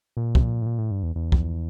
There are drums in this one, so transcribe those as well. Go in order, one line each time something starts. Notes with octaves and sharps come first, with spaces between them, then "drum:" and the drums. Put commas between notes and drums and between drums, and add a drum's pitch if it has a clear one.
A#2
C3, drum: kick
A#2
A2
A#2
A2
G2
E2
E2
drum: kick